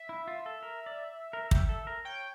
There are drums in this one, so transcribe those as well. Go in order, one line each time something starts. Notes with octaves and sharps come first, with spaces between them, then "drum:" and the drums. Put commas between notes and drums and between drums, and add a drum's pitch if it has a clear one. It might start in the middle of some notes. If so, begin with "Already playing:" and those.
Already playing: E5
E4
F4
A4
A#4
D5
A#4
G4, drum: kick
A4
A#4
C#5 G5